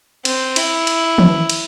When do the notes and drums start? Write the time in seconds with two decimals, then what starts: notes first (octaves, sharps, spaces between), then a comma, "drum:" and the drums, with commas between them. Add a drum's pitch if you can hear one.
0.25 C4, drum: cymbal
0.56 E4, drum: cymbal
0.87 drum: cymbal
1.18 drum: tom D#3
1.50 drum: cymbal